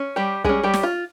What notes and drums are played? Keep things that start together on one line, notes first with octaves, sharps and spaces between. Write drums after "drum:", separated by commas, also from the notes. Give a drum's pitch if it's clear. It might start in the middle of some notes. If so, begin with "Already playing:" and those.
Already playing: C#4
G3 G4
G3 G#3 C#4 G#4, drum: kick
G3 G4
drum: snare
F4